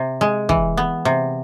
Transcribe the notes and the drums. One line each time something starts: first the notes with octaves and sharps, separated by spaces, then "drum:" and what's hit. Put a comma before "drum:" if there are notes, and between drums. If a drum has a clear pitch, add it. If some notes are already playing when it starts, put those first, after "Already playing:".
Already playing: C3
G#3
E3, drum: kick
B3
C3